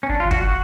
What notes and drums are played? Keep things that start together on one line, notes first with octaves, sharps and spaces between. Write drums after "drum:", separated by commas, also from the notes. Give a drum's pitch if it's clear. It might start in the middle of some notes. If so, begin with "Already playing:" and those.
C#4
G#1 D4
F4
G#1
F#4, drum: kick
F#4